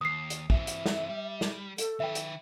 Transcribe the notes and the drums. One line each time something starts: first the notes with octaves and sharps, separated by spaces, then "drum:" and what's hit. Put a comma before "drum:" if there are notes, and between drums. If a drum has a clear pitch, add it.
D#2 D#6 C7
drum: hi-hat
E3 C4 E5, drum: kick
drum: hi-hat
drum: snare
G3
drum: snare
A4, drum: hi-hat
D#3 B4 E5 G5
drum: hi-hat